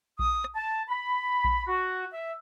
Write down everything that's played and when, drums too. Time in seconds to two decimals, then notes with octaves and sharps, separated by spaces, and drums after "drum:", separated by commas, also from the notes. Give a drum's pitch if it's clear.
0.19 D#6, drum: kick A#1
0.44 drum: rim click
0.55 A5
0.88 B5
1.44 drum: kick A#1
1.68 F#4
2.13 E5